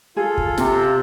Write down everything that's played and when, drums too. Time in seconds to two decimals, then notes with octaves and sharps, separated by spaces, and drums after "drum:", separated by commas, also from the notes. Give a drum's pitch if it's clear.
0.17 F4 G#4 A4
0.37 drum: kick
0.58 C3, drum: snare